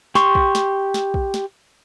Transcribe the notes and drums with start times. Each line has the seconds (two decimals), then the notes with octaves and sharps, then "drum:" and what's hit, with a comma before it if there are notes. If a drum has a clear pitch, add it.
0.15 G4 C6 C#6, drum: snare
0.35 drum: kick
0.55 drum: snare
0.94 drum: snare
1.14 drum: kick
1.34 drum: snare